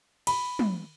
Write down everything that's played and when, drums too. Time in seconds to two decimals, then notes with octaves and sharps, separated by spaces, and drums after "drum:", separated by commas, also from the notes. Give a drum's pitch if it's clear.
0.27 B5, drum: cymbal
0.59 drum: tom